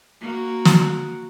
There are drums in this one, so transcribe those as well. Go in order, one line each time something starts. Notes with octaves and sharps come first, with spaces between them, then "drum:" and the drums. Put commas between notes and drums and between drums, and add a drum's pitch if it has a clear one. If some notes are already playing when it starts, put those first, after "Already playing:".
A#3 F#4
drum: snare